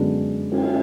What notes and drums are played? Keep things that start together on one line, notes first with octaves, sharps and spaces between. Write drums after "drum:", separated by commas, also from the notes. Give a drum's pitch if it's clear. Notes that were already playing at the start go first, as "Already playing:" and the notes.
Already playing: F#2 D3 G#3 B3 D4
drum: cymbal